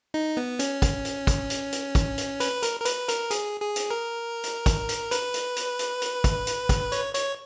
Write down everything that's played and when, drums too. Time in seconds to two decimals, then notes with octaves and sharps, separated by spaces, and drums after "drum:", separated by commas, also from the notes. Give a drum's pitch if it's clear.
0.14 D#4
0.37 B3
0.59 C#4, drum: hi-hat
0.82 drum: kick, hi-hat
1.05 drum: hi-hat
1.27 drum: kick, hi-hat
1.50 drum: hi-hat
1.72 drum: hi-hat
1.95 drum: kick, hi-hat
2.18 drum: hi-hat
2.40 B4, drum: hi-hat
2.63 A#4, drum: hi-hat
2.80 A#4
2.85 B4, drum: hi-hat
3.08 A#4, drum: hi-hat
3.31 G#4, drum: hi-hat
3.61 G#4
3.76 drum: hi-hat
3.91 A#4
4.43 drum: hi-hat
4.66 drum: kick, hi-hat
4.89 drum: hi-hat
5.11 B4, drum: hi-hat
5.34 drum: hi-hat
5.56 drum: hi-hat
5.79 drum: hi-hat
6.02 drum: hi-hat
6.24 drum: kick, hi-hat
6.47 drum: hi-hat
6.69 drum: kick, hi-hat
6.92 C#5, drum: hi-hat
7.14 C#5, drum: hi-hat